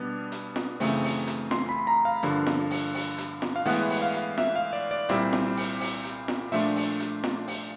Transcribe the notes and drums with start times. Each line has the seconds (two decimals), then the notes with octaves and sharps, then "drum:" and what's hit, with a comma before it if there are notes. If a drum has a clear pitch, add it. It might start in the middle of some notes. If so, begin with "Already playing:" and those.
Already playing: B2 G3 B3 D4
0.32 drum: hi-hat
0.56 drum: snare F4
0.80 F#2 C#3 E3 A3 C4, drum: open hi-hat
1.03 drum: open hi-hat
1.27 drum: hi-hat
1.51 C6, drum: snare F4
1.69 B5
1.87 A#5
2.05 F5
2.23 G2 D3 F3 A#3, drum: hi-hat
2.47 drum: snare F4
2.70 drum: open hi-hat
2.94 drum: open hi-hat
3.18 drum: hi-hat
3.42 drum: snare F4
3.56 F5
3.66 A2 E3 G#3 B3 F#5, drum: open hi-hat
3.90 drum: open hi-hat
4.02 F5
4.13 drum: hi-hat
4.38 E5, drum: snare F4
4.56 F5
4.73 D5
4.91 D5
5.09 C2 A#2 G3 C4 E4, drum: hi-hat
5.33 drum: snare F4
5.57 drum: open hi-hat
5.80 drum: open hi-hat
6.04 drum: hi-hat
6.28 drum: snare F4
6.52 A#2 F3 A3 D4 F4 E5, drum: open hi-hat
6.76 drum: open hi-hat
7.00 drum: hi-hat
7.24 drum: snare F4
7.47 drum: open hi-hat